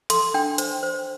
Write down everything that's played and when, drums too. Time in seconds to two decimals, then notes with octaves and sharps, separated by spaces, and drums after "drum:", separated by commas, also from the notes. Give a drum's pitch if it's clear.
0.10 A4 C6, drum: hi-hat
0.34 D4 G5
0.58 C5, drum: hi-hat
0.83 C5